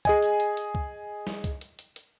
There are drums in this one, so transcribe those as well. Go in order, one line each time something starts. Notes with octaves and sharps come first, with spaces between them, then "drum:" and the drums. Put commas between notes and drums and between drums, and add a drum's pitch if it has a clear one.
G#4 D#5 G#5, drum: kick C2, hi-hat
drum: hi-hat
drum: hi-hat
drum: hi-hat
drum: kick C2
drum: snare
drum: kick C2, hi-hat
drum: hi-hat
drum: hi-hat
drum: hi-hat